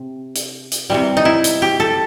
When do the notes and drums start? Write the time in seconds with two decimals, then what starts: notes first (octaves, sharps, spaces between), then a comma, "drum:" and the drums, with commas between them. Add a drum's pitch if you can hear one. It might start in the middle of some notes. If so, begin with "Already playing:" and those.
Already playing: C3
0.35 drum: hi-hat
0.72 drum: hi-hat
0.90 C3 E3 G3
1.17 D#4
1.25 E4
1.44 drum: hi-hat
1.62 G4
1.80 A4